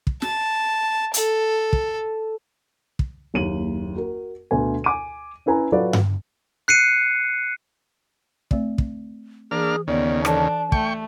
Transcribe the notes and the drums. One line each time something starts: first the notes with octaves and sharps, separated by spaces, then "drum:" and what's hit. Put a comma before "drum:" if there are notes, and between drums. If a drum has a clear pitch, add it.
drum: kick
A5, drum: snare
A4, drum: hi-hat
drum: kick
drum: kick
F#1 D#2 D#7 F#7
F#4 A#4
D2 B2 D3 B4 G#5
G#5 D6 D#7
C#4 E4 B4 G#5 A#5
F#3 F4 F#4 A4 B4 D5
drum: tom G2
F#6 C7 C#7 D#7
A3 C4 D5, drum: kick
drum: kick
E3 A#3 D4 G#4 F6
D#2 C#3 B3 D5
E3 D4 A4 A5, drum: rim click
A3 G5 C#6, drum: kick